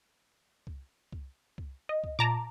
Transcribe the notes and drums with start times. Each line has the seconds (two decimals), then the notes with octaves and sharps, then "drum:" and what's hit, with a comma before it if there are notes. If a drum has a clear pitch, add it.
0.67 drum: kick C2
1.12 drum: kick C2
1.58 drum: kick C2
1.89 D#5
2.04 drum: kick C2
2.19 A#2 A5 A#5 D6